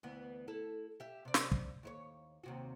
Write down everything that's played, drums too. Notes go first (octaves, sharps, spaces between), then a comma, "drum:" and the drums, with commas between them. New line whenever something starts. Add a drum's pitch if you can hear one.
D2 E3 B3
E4 A4
G4 E5
C3 D5
drum: snare
drum: kick
D#2 E4 C#5
D#2 C3 F#4